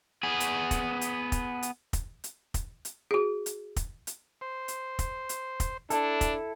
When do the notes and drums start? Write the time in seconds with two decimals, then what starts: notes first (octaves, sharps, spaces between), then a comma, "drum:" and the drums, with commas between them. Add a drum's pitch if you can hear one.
0.23 B3 G#4
0.40 drum: hi-hat
0.71 drum: kick, hi-hat
1.01 drum: hi-hat
1.32 drum: kick, hi-hat
1.63 drum: hi-hat
1.93 drum: kick, hi-hat
2.24 drum: hi-hat
2.54 drum: kick, hi-hat
2.85 drum: hi-hat
3.11 F#4 G#4
3.46 drum: hi-hat
3.76 drum: kick, hi-hat
4.07 drum: hi-hat
4.41 C5
4.68 drum: hi-hat
4.99 drum: kick, hi-hat
5.29 drum: hi-hat
5.60 drum: kick, hi-hat
5.90 D4 E4 A4, drum: hi-hat
6.21 drum: kick, hi-hat